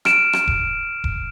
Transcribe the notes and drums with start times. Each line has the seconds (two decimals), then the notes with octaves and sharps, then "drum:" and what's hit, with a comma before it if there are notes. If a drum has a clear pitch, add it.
0.05 F6 D7 E7, drum: rim click
0.33 drum: rim click
0.47 drum: kick E1
1.04 drum: kick E1